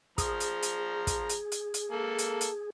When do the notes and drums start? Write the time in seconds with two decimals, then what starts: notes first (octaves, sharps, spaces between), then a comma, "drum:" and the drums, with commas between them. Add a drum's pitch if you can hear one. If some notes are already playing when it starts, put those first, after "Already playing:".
0.18 F3 G#4 A#5, drum: kick, hi-hat
0.40 drum: hi-hat
0.62 drum: hi-hat
1.07 drum: kick, hi-hat
1.29 drum: hi-hat
1.52 drum: hi-hat
1.74 drum: hi-hat
1.92 A#3 A4
2.18 drum: hi-hat
2.41 drum: hi-hat